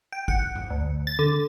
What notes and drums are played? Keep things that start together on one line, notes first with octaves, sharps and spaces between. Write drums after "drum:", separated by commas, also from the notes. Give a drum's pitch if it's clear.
G5
F#5, drum: kick G#1
drum: tom G2
D2
A6
D3